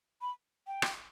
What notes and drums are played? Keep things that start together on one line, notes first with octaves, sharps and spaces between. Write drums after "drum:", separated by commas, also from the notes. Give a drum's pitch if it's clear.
B5
G5
drum: rim click